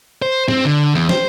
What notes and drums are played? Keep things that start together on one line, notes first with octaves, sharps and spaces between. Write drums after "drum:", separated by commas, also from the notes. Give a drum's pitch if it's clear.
C5
C4, drum: tom G#2
D3
E2
C5, drum: snare